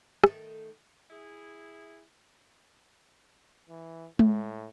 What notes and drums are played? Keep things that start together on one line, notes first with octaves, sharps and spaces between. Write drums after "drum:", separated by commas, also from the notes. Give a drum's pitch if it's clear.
D#3 A3, drum: rim click
E4 G#4
E3
A2, drum: tom G#3